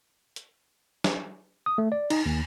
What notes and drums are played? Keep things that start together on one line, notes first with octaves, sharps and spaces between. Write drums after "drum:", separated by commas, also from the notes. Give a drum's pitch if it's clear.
drum: hi-hat
drum: snare
D#6
A3
D5
D#4, drum: cymbal
D#2